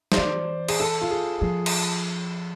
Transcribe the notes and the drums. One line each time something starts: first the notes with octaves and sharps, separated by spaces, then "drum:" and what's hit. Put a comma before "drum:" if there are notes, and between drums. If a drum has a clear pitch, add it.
C5, drum: snare
E3 D5
G#4, drum: cymbal
A4
F4
G#4
F3 G#4
drum: cymbal